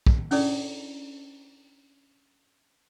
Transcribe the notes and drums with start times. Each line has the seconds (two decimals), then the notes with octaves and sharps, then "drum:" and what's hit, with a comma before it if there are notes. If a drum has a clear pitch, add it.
0.07 drum: kick
0.31 C#4 D4 E4 G#4 A4 D5, drum: open hi-hat